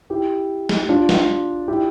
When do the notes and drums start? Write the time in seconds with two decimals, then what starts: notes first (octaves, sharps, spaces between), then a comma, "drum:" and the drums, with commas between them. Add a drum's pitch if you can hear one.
0.10 E4 G4
0.69 drum: snare
0.80 G4
0.89 D4 F4
1.09 drum: snare
1.68 E4 G4